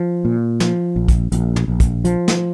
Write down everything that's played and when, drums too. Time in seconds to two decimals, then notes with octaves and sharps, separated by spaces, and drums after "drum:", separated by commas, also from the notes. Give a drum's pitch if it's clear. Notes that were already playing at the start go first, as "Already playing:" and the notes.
Already playing: F3
0.25 A#2
0.60 F3, drum: snare
0.96 A#1
1.08 drum: kick, hi-hat
1.32 A#1, drum: hi-hat
1.56 drum: tom
1.68 A#1
1.80 drum: kick, hi-hat
2.05 F3, drum: hi-hat
2.28 drum: snare